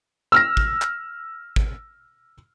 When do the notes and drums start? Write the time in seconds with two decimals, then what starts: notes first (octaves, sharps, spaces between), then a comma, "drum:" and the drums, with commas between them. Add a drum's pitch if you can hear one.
0.32 E6 F6 A#6
0.57 drum: kick
0.82 drum: clap
1.56 drum: kick